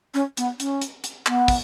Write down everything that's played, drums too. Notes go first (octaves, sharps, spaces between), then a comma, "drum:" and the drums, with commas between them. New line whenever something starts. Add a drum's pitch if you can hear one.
C#4
B3, drum: hi-hat
C#4, drum: hi-hat
drum: hi-hat
drum: hi-hat
B3, drum: clap
drum: kick, open hi-hat